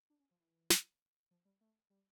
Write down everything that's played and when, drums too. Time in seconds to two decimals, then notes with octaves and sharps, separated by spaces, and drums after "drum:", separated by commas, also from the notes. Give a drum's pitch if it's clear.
0.10 D4
0.20 C#4
0.31 F3
0.40 E3
0.70 drum: snare
1.31 F3
1.45 G3
1.61 A3
1.90 G3